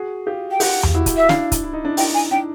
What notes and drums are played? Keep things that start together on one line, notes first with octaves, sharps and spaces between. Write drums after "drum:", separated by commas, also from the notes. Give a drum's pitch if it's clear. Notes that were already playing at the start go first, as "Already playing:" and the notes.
Already playing: F#4 G#4
F4 G4
G5
F4 G4 F#5, drum: open hi-hat
drum: tom E2
E4 F#4
drum: kick, hi-hat
E5
F4
D4 E4 F5, drum: snare
drum: kick, hi-hat
E4
D#4
D4 E4
D#4 G5, drum: open hi-hat
G#5
D4 G5